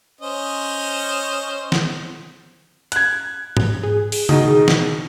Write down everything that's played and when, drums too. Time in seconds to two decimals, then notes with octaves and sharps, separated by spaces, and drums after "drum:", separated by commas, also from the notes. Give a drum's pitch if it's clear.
0.21 C#4 C5 D#5
1.72 drum: snare
2.92 F#6 G#6, drum: hi-hat
3.57 drum: tom G#2
3.83 G#4
4.12 drum: open hi-hat
4.29 B2 D#3 D#4, drum: tom C#3
4.68 drum: snare